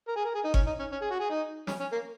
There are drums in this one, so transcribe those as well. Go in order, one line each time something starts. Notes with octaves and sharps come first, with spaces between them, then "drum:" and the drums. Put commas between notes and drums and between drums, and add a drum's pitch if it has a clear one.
A#4
G#4
A#4
G#4
D#4
C#4, drum: kick G1
D#4
C#4
C#4
G#4
F#4
G#4
D#4
C#4, drum: snare
C#4
A#3